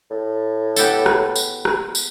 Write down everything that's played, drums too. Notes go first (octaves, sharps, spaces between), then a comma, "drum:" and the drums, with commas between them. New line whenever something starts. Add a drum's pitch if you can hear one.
A2
B3 G4 A4, drum: tambourine
drum: rim click
drum: tambourine
drum: rim click
drum: tambourine